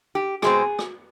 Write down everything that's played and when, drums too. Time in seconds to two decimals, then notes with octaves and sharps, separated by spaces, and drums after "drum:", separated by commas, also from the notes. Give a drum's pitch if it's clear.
0.15 G4
0.42 B2 G#3 C4 G#4, drum: rim click
0.79 drum: rim click